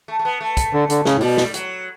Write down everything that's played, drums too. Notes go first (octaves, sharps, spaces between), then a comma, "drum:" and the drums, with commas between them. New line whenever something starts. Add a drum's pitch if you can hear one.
A3
A3
B3
A3
drum: kick, hi-hat
D3
D3, drum: hi-hat
C#3, drum: snare
A2
B2 G3, drum: open hi-hat
drum: snare
F#3, drum: hi-hat